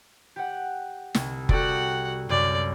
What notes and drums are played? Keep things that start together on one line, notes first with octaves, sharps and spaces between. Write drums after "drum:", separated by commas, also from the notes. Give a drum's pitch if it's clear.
G4 F#5
C2, drum: snare
F#4 G4 A4 D5 F#5, drum: kick F1
C2 F#2 D5